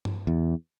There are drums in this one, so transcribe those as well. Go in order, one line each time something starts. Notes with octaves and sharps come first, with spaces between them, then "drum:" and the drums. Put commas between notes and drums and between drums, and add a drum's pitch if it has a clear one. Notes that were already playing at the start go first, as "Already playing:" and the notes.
drum: tom G2
E2